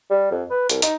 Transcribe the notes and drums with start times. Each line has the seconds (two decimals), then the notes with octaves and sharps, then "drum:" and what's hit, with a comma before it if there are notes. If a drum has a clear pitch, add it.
0.10 G3
0.31 F2
0.50 B4
0.70 C2, drum: hi-hat
0.82 D#4, drum: hi-hat